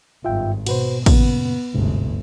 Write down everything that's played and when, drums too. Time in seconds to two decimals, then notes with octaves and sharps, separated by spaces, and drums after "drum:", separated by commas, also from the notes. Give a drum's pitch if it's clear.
0.25 G#1 G2 F4 E5 G5
0.66 B2 F#4 B4 C5, drum: cymbal
1.06 F#2 A#2 C#3 B3, drum: kick, cymbal
1.74 G1 D2 G#2 C3